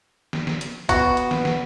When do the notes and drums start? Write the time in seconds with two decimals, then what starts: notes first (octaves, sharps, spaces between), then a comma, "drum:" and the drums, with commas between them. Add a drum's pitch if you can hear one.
0.33 drum: snare
0.47 drum: snare
0.61 drum: hi-hat
0.89 B3 F#4, drum: kick, hi-hat
1.17 drum: hi-hat
1.31 drum: snare
1.45 drum: snare